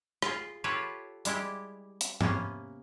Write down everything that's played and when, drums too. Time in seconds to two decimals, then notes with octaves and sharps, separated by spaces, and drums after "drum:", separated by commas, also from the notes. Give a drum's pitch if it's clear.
0.22 F4 G#4, drum: rim click
0.64 F4 G4 A4 B4 C#5
1.25 G3 G#3 E4 G4, drum: hi-hat
2.01 drum: hi-hat
2.21 C3 A#3 B3 C#4, drum: tom G#2